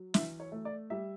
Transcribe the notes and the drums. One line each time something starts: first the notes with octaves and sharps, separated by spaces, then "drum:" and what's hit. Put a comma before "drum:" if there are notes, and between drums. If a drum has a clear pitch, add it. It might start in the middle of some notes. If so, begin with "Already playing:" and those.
Already playing: F#3
E3 E5, drum: snare
C#5
A3
D5
G3 E5